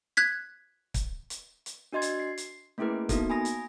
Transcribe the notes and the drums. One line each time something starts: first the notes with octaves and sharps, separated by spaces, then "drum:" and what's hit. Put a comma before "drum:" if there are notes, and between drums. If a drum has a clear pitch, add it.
F#6 G#6 B6
drum: kick, hi-hat
drum: hi-hat
drum: hi-hat
D4 F#4 D#5 C6 G#6
drum: hi-hat
C7
drum: hi-hat
A3 A#3 C#4 E4 G#4 B4
A#3 B3 D#4 F#4 A4, drum: kick, hi-hat
G#5 B5 D#6 A#6
drum: hi-hat